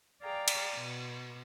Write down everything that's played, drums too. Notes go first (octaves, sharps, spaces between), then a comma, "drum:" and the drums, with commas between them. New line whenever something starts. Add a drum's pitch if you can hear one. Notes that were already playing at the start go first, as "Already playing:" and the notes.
G#4 D5 F5 G5 A#5
drum: cymbal
B2